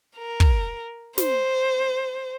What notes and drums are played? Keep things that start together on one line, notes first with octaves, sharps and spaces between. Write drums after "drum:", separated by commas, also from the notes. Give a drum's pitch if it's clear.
A#4
drum: kick
C5, drum: snare